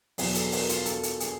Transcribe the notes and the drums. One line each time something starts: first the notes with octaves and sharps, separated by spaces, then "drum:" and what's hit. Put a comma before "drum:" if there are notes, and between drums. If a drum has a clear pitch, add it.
E2 B2 F#3 G#4, drum: open hi-hat
A4, drum: hi-hat
A#4, drum: open hi-hat
F4, drum: hi-hat
A4, drum: hi-hat
drum: hi-hat
G#4, drum: hi-hat